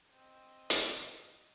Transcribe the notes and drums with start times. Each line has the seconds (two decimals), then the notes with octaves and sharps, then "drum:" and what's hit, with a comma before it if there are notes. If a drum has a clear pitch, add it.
0.13 C4 D#5
0.70 drum: hi-hat